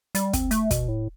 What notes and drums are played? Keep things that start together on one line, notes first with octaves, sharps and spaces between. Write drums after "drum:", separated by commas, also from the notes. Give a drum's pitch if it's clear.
G3, drum: hi-hat
C4, drum: kick, hi-hat
A3, drum: hi-hat
B2, drum: kick, hi-hat
A2